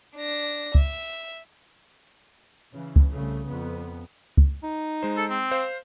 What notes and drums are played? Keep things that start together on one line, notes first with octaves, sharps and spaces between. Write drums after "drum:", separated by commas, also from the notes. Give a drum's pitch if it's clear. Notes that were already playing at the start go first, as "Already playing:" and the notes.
D4 A#6
E5, drum: kick C#2
C#3 E3
drum: kick C#2
C2 C#3 A3
F2 B3
drum: kick C#2
D#4
G#3 C5
A4
C4
C5 F5